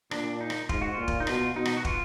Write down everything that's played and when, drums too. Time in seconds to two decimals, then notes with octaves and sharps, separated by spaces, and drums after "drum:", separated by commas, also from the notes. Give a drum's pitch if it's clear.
0.11 A#2 D4, drum: rim click
0.40 D#4
0.50 drum: rim click
0.69 G#2 F4, drum: kick
0.82 F#4
0.94 A#2 F4
1.08 drum: kick
1.20 D#4
1.27 B2 F4, drum: rim click
1.56 B2 D#4
1.65 drum: rim click
1.77 F#4
1.85 F4, drum: kick